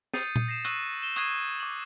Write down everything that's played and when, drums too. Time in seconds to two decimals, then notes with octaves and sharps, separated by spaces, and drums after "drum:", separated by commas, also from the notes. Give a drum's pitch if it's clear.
0.14 D#6 G6 A6 C7 C#7 D#7, drum: snare
0.36 drum: tom A#2
0.48 A#6 C7 E7
0.65 C#6 E6 F#6 A#6 D#7, drum: hi-hat
1.02 E7 G7
1.16 C#6 D#6 F#6 G#6 C7 D#7, drum: hi-hat
1.60 D6 F#7